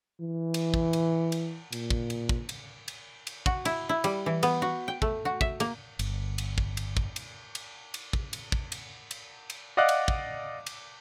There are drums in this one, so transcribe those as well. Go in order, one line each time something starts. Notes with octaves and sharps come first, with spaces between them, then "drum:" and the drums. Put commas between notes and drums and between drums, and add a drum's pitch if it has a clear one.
E3
drum: cymbal
drum: kick
drum: cymbal
drum: cymbal
A#2, drum: cymbal
drum: kick
drum: cymbal
drum: kick
drum: cymbal
drum: cymbal
drum: cymbal
F#4, drum: kick
E4, drum: cymbal
E4
G3, drum: cymbal
E3
B3, drum: cymbal
F#4
G5
A3, drum: kick
F#4
E5, drum: kick
A#3, drum: cymbal
G1, drum: cymbal
drum: cymbal
drum: kick
drum: cymbal
drum: kick
drum: cymbal
drum: cymbal
drum: cymbal
drum: kick
drum: cymbal
drum: kick
drum: cymbal
drum: cymbal
drum: cymbal
D5 D#5 F5 F#5 D6 F#6
drum: cymbal
drum: kick
drum: cymbal